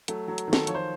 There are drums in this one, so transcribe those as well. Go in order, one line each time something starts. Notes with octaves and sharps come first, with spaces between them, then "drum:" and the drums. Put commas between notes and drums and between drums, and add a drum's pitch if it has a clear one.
F#3 A3, drum: hi-hat
F#3
drum: hi-hat
D#3
A4, drum: snare
F3 C#5, drum: hi-hat
C5